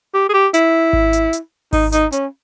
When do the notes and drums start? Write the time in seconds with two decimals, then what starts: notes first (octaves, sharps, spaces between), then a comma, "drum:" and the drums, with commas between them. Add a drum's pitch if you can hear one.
0.14 G4
0.29 G#4
0.34 G4
0.54 E4, drum: hi-hat
0.93 drum: kick G#1
1.13 drum: hi-hat
1.33 drum: hi-hat
1.73 D#4, drum: kick G#1, open hi-hat
1.92 D#4, drum: hi-hat
2.12 C#4, drum: hi-hat